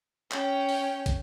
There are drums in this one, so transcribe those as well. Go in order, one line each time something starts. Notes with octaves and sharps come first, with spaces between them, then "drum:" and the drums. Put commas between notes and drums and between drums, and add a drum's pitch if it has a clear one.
C#4 G5, drum: clap
drum: open hi-hat
drum: kick, hi-hat